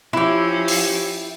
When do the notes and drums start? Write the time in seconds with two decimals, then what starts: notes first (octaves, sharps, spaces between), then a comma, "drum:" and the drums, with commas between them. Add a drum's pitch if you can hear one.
0.13 F3 C#4 E4 G4
0.68 drum: open hi-hat